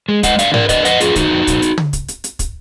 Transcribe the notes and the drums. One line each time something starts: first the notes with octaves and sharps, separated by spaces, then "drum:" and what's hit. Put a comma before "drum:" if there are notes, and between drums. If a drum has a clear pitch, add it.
G#3
G#3 D#5 F#5, drum: kick, hi-hat
D3 D5 F5, drum: hi-hat
D4 A#4 D5, drum: tom G#2
D4 B4 D#5, drum: kick, hi-hat
F2 D#5 F#5, drum: hi-hat
F2 F4 G#4, drum: hi-hat
D#3 D#4 F#4, drum: kick, hi-hat
F2
A#2, drum: kick, hi-hat
drum: hi-hat
drum: tom
drum: kick, hi-hat
drum: hi-hat
drum: hi-hat
drum: kick, hi-hat